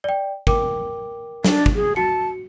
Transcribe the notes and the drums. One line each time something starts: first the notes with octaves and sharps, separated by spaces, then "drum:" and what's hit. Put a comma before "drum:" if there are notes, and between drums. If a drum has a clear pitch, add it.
D5 G5
A#4 G5 D6, drum: kick
D4, drum: snare
drum: kick
G#4
F#4 A5 C#7